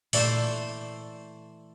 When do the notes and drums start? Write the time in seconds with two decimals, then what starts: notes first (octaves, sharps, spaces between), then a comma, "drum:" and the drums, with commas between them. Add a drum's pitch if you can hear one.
0.13 A#2 E3 A3 C5 D5, drum: open hi-hat